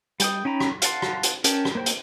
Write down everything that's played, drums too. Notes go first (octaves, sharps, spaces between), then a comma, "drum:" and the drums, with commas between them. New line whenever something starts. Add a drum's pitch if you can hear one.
G3 G5 D#6, drum: hi-hat
C#4 D#4 G5 A#5 B5
drum: rim click
F5 F#5 A5 C6, drum: hi-hat
drum: rim click
drum: hi-hat
C#4 A#4 C#5 G5 A5, drum: hi-hat
drum: rim click
A#3 C5 G5
drum: hi-hat